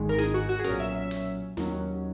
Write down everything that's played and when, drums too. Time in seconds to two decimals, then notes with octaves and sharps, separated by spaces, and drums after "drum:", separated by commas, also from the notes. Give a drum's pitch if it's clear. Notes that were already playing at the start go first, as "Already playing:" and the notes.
Already playing: G#1 G#2 D#3 G#3
0.09 A#4
0.18 G#4, drum: snare
0.34 F#4
0.49 F#4
0.59 G#4
0.64 B1 A#2 F#3 C#4 A#4, drum: hi-hat
0.80 E5
0.96 E5
1.11 drum: hi-hat
1.57 D#2 D#3 F#3 C#4, drum: snare